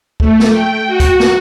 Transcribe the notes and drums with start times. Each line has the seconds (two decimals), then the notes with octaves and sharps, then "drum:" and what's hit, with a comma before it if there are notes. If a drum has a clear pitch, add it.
0.20 A3, drum: kick C#2
0.40 drum: snare
0.51 G5
0.87 F#4
1.00 drum: kick C#2, hi-hat
1.20 drum: snare